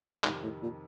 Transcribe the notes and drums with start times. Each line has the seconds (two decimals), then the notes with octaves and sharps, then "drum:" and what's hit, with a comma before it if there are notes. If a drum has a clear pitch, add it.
0.24 F2 G#2 C3 D#3, drum: clap
0.43 A2
0.62 A#2